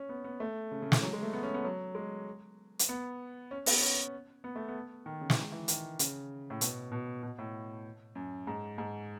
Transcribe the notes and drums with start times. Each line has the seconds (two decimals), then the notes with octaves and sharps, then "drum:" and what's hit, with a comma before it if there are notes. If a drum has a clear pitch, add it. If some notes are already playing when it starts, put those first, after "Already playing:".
Already playing: C#4
0.09 B3
0.24 B3
0.40 A3
0.72 C#3
0.82 C#3
0.92 E3, drum: snare
1.02 F#3
1.13 G#3
1.23 A3
1.33 B3
1.43 C#4
1.54 B3
1.64 F#3
1.95 G#3
2.79 drum: hi-hat
2.89 B3
3.51 C#4
3.66 B3, drum: open hi-hat
3.82 C#4
4.44 B3
4.56 A3
4.68 B3
5.06 D#3
5.21 C#3
5.30 E3, drum: snare
5.37 D#3
5.52 E3
5.68 D#3, drum: hi-hat
5.99 C#3, drum: hi-hat
6.50 A2
6.61 B2, drum: hi-hat
6.92 B2
7.23 B2
7.39 A2
8.15 F#2
8.47 G#2
8.78 G#2